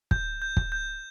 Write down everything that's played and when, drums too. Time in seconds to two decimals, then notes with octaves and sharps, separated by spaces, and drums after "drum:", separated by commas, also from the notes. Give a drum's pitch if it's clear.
0.11 G6, drum: kick
0.42 G6
0.57 drum: kick
0.72 G6